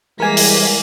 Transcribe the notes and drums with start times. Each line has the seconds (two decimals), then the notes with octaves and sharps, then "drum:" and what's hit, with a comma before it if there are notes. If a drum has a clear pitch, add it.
0.20 E3 G3 G#3 A#3 A#4 G#5 B6
0.37 drum: open hi-hat